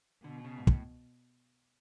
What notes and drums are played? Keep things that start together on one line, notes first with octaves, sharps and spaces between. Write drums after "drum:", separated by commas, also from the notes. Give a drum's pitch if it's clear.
B2 D3
C#3
G#2
A2, drum: kick